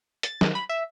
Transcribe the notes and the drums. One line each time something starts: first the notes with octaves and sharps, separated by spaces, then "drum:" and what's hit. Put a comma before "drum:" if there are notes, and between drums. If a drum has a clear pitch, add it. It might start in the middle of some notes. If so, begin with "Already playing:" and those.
A6, drum: hi-hat
D#3, drum: snare
B5
E5